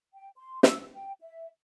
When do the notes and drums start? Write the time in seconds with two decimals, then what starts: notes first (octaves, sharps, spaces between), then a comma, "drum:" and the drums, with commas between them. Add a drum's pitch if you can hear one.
0.14 G5
0.37 C6
0.63 E6, drum: snare
0.94 G5
1.21 E5